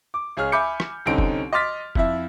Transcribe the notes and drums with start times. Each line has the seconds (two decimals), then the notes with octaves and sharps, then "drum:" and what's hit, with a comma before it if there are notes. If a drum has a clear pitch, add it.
0.14 D6
0.37 C#2 G#4 C#5 F6
0.52 E5 G#5 B5 D6 G6 C#7
0.80 drum: rim click
1.06 C2 D3 C4 C#4 D#4 D7
1.18 drum: kick
1.53 D#5 C6 D6 F6 A6 B6
1.95 F2 E4 E5, drum: kick